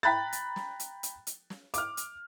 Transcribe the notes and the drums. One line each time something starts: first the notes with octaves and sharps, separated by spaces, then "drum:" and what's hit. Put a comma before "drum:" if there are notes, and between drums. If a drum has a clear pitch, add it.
G5 A#5 B5 F#6 A6
drum: hi-hat
drum: snare
drum: hi-hat
drum: hi-hat
drum: hi-hat
drum: snare
D6 F6, drum: hi-hat
drum: hi-hat